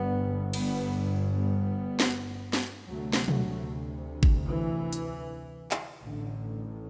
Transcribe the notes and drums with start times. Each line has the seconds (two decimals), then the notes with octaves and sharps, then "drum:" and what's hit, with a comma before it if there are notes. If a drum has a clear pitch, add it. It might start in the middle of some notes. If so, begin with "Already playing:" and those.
Already playing: G1 G2 G3 B3
0.53 G3 B3, drum: cymbal
1.32 G3 B3
2.00 drum: snare
2.53 drum: snare
2.89 D2 C3 F#3 A3
3.13 drum: snare
3.28 F#3 A3, drum: tom
4.23 drum: kick G#1
4.45 E3
4.93 drum: hi-hat
5.71 drum: clap
6.02 A1 A2 D3